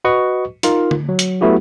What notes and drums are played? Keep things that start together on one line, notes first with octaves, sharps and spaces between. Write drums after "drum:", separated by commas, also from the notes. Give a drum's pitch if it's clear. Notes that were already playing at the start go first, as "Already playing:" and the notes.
F#4 B4 D#5 C#6
D#4 F4 A#4, drum: hi-hat
drum: tom D3
F#3
drum: hi-hat
F#3 A3 B3 E4 F#4 G4